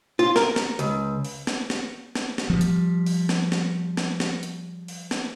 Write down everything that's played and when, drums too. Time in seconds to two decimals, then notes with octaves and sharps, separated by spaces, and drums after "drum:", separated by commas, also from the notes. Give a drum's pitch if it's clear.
0.19 F4
0.36 A#4, drum: snare
0.56 drum: snare
0.79 C#2, drum: hi-hat
1.25 drum: open hi-hat
1.47 drum: snare
1.70 drum: snare
2.15 drum: snare
2.38 drum: snare
2.50 F3 G3
2.61 drum: hi-hat
3.06 drum: open hi-hat
3.29 drum: snare
3.52 drum: snare
3.97 drum: snare
4.20 drum: snare
4.43 drum: hi-hat
4.88 drum: open hi-hat
5.11 drum: snare